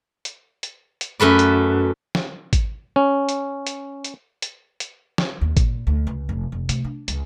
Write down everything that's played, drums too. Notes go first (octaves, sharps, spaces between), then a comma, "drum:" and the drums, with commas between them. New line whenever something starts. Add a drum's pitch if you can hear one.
drum: hi-hat
drum: hi-hat
drum: hi-hat
F#2 A3 B4 D5
drum: hi-hat
drum: snare
drum: kick G#1, hi-hat
C#4
drum: hi-hat
drum: hi-hat
drum: hi-hat
drum: hi-hat
drum: hi-hat
drum: snare
D#2
A#2, drum: kick G#1, hi-hat
D2
C#2
F1
F1
C3, drum: hi-hat
D4
C#2, drum: hi-hat